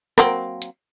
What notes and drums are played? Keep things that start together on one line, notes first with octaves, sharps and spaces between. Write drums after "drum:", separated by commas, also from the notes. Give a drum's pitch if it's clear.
F#3 A#3 C4, drum: rim click
drum: hi-hat